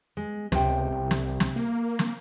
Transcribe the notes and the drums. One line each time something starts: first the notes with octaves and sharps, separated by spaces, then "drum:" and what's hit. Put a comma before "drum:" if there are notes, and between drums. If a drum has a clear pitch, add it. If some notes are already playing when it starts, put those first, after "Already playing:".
G#3
C#2 C3 G5, drum: snare
C2
drum: snare
drum: snare
A#3
drum: snare